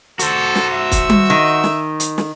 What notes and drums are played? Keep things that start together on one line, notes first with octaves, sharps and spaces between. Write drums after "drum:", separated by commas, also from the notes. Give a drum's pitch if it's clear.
F#4 A4 C5, drum: hi-hat
drum: snare
E5
drum: kick, hi-hat
drum: tom G3
D#3
drum: snare
drum: hi-hat
drum: snare